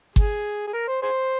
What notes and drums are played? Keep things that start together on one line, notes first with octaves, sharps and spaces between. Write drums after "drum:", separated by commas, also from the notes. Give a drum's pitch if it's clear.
G#4, drum: kick G1
G#4
A#4
C5
G#4 C5